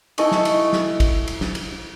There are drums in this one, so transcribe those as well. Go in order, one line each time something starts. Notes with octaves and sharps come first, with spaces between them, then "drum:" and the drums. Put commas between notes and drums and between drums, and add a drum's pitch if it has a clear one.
E4 A4 D#5 G#5 C#6 D#6, drum: cymbal
drum: snare
drum: cymbal
drum: snare
drum: kick, cymbal
drum: cymbal
drum: snare
drum: cymbal